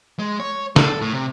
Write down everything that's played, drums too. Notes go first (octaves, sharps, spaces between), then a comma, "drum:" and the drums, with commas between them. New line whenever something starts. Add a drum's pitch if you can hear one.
G#3
C#5
A4, drum: snare
A2
C3